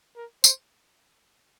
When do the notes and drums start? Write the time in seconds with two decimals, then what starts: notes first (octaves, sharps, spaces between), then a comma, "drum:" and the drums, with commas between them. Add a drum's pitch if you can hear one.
0.16 A#4
0.44 C5, drum: tambourine